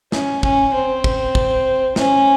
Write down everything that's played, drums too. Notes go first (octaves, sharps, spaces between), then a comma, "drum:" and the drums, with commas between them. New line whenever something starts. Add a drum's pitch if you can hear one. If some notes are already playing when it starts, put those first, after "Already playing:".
C#4, drum: snare
C#4, drum: kick
C4
drum: kick
drum: kick
C#4, drum: snare